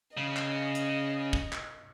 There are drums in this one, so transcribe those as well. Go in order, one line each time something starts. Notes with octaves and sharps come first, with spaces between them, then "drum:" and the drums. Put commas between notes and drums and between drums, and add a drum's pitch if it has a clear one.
C#3 D#5
drum: clap
drum: hi-hat
drum: kick
drum: clap